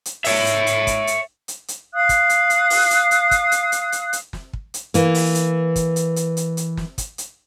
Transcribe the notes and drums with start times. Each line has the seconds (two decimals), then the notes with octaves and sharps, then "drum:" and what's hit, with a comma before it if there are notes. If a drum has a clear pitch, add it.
0.05 drum: hi-hat
0.25 C#5 E5, drum: open hi-hat
0.46 drum: hi-hat
0.67 drum: hi-hat
0.87 drum: kick, hi-hat
1.07 drum: hi-hat
1.48 drum: hi-hat
1.68 drum: hi-hat
1.93 F5 D#6 F#6
2.09 drum: kick, hi-hat
2.29 drum: hi-hat
2.50 drum: hi-hat
2.70 drum: open hi-hat
2.91 drum: hi-hat
3.11 drum: hi-hat
3.31 drum: kick, hi-hat
3.52 drum: hi-hat
3.72 drum: hi-hat
3.92 drum: hi-hat
4.13 drum: hi-hat
4.33 drum: snare
4.53 drum: kick
4.74 drum: hi-hat
4.94 E3 A#3, drum: hi-hat
5.15 drum: open hi-hat
5.35 drum: hi-hat
5.76 drum: kick, hi-hat
5.96 drum: hi-hat
6.16 drum: hi-hat
6.37 drum: hi-hat
6.57 drum: hi-hat
6.77 drum: snare
6.98 drum: kick, hi-hat
7.18 drum: hi-hat